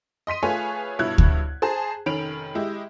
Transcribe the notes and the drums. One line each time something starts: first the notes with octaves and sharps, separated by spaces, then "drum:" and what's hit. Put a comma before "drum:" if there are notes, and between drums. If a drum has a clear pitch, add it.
D#5 C6 B6 D#7
A3 F4 G#4 B4 C#5 G#5
G2 B2 E4 C#5 F#6 G#6
drum: kick D2
G#4 C5 A5 A#5
F1 D#3 C#4 B5 D7 F7
G#3 E4 G4 D#5